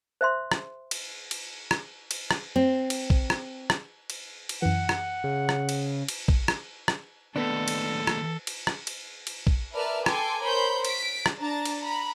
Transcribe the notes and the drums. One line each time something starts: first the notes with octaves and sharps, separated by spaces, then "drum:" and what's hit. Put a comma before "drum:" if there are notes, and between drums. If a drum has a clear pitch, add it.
C5 E5 C6
drum: rim click
drum: cymbal
drum: cymbal
drum: rim click
drum: cymbal
drum: rim click
C4
drum: cymbal
drum: kick
drum: rim click
drum: rim click
drum: cymbal
drum: cymbal
F#2 E3 F#5
drum: rim click
C#3
drum: rim click
drum: cymbal
drum: cymbal
drum: kick
drum: rim click
drum: rim click
D#2 A2 B3 D4 A4
drum: cymbal
drum: rim click
drum: cymbal
drum: rim click
drum: cymbal
drum: cymbal
drum: kick
A#4 B4 D5 E5 A5 F6
A4 G5 G#5 C6 D6, drum: rim click
A#4 C5 C#5 B5 G6
B6 D7, drum: cymbal
drum: rim click
D4 A5 A#5 A6
drum: cymbal
A#5 B5